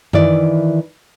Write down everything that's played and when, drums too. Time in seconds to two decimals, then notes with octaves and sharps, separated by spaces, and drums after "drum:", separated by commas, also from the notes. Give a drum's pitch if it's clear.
0.13 D#3 E3 E4 D5, drum: tom F#2